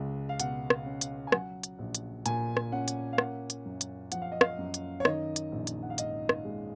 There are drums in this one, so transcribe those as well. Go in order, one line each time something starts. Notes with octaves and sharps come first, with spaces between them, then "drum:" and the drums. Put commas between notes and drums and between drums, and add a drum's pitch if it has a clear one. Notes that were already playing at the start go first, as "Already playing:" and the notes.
Already playing: C#2 G#3
F5
B2 F#5, drum: hi-hat
drum: rim click
C#4
drum: hi-hat
G#5
F#3 F#5, drum: rim click
drum: hi-hat
A#1
drum: hi-hat
A#2 G#5, drum: hi-hat
drum: rim click
C#4 F#5
drum: hi-hat
F5
A#3 F#5, drum: rim click
drum: hi-hat
F#2
drum: hi-hat
F3 F#5, drum: hi-hat
F5
D#5
F5, drum: rim click
F#2
drum: hi-hat
C#5
D#3 D#5, drum: rim click
drum: hi-hat
A#1
drum: hi-hat
F#5
F5
G#2 D#5, drum: hi-hat
drum: rim click
G#3